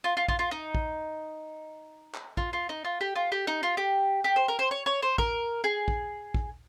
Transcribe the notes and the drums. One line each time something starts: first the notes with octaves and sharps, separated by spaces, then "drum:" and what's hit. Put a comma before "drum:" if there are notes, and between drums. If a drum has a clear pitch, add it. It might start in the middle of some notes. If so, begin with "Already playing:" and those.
F4
F4
F4, drum: kick
F4
D#4
drum: kick
drum: clap
F4, drum: kick
F4
D#4
F4
G4
F4
G4
D#4
F4
G4
G4
C5
A#4
C5
C#5
C#5
C5
A#4, drum: kick
G#4
drum: kick
drum: kick